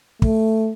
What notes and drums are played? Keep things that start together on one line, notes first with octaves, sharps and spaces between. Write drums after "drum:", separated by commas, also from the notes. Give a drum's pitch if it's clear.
A3, drum: kick